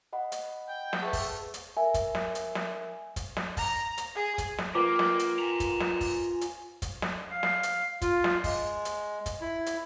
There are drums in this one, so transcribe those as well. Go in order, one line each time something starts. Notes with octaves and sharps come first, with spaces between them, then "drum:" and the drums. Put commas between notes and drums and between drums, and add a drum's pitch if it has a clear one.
D#5 F#5 B5
drum: hi-hat
G5
drum: snare
A3 G#4 B4
drum: kick, open hi-hat
drum: hi-hat
A#4 E5 G#5
drum: kick, hi-hat
drum: snare
drum: hi-hat
drum: snare
drum: kick, hi-hat
drum: snare
A#5, drum: kick, open hi-hat
drum: hi-hat
G#4
drum: kick, hi-hat
drum: snare
A#3 F4 A#4 B4 G5 D6
drum: snare
drum: hi-hat
G#5 A#5
drum: kick, hi-hat
drum: snare
drum: kick, open hi-hat
drum: hi-hat
drum: kick, hi-hat
drum: snare
F5
drum: snare
drum: hi-hat
F4, drum: kick, hi-hat
drum: snare
G#3, drum: kick, open hi-hat
drum: hi-hat
drum: kick, hi-hat
E4
drum: hi-hat